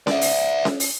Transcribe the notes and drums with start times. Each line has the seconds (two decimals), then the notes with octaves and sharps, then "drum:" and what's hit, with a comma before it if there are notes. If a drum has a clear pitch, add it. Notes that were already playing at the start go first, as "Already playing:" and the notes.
0.07 D5 E5, drum: snare C#4
0.21 drum: open hi-hat
0.65 drum: snare C#4
0.80 drum: open hi-hat